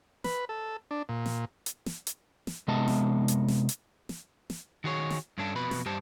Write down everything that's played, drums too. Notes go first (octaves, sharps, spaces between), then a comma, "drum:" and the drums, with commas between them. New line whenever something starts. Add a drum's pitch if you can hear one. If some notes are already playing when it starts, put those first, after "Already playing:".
B4, drum: snare
A4
D4
A#2
drum: snare
drum: hi-hat
drum: snare
drum: hi-hat
drum: snare
C3 G#3 B3 D#5 E5 A5
drum: snare
drum: hi-hat
drum: snare
drum: hi-hat
drum: snare
drum: snare
D#3 F#4 G#4 C#5
drum: snare
G2 C#4 D4 A4
F2 B2 B4 B5
drum: snare
G2 G4 C5 A5